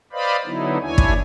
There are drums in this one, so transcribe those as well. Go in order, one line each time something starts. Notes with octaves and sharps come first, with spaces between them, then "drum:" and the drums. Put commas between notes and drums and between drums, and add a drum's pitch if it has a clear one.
B4 C5 D5 D#5 F5 B5
D3 F#3 B3 D#4 E4
D#2 D4 E4 C#5 G#5
drum: kick